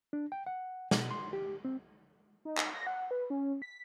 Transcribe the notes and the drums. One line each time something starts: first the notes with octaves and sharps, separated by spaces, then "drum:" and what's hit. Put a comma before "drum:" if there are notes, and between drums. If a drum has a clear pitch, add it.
D4
G5
F#5
B2, drum: snare
C6
G4
C4
D#4
drum: clap
A#6
F#5
B4
C#4
B6